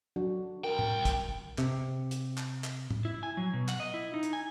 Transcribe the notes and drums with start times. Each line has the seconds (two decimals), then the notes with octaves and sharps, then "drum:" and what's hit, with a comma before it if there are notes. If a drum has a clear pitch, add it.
0.16 F#3 D4 F#4
0.64 C2 A#4 G5
0.79 drum: tom
1.05 drum: kick, hi-hat
1.58 C3, drum: clap
2.11 drum: hi-hat
2.38 drum: clap
2.64 drum: clap
2.91 drum: tom
3.05 E4
3.23 G#5
3.37 F#3
3.53 B2
3.68 F#5, drum: clap
3.80 D#5
3.94 E4
4.14 D#4
4.23 drum: hi-hat
4.33 G#5